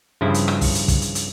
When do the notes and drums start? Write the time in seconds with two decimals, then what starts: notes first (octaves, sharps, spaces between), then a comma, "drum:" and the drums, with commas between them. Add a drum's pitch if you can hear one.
0.21 G2 C#3 F3 E4
0.34 drum: hi-hat
0.48 drum: rim click
0.61 drum: kick, open hi-hat
0.75 drum: hi-hat
0.88 drum: kick, hi-hat
1.02 drum: hi-hat
1.15 drum: hi-hat